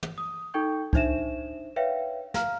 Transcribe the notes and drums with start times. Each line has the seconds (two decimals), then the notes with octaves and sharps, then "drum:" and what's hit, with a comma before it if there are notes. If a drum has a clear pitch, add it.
0.03 drum: tom
0.18 D#6
0.54 D#4 A4 G5 C#6 G6
0.93 D4 D#4 C5 E5 E7, drum: kick C2
1.76 B4 C#5 E5 F5 G5
2.34 F5 A#5 F6, drum: snare